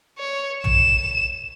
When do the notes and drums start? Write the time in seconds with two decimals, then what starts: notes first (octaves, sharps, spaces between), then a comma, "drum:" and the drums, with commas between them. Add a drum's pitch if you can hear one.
0.19 C#5
0.64 E7, drum: tom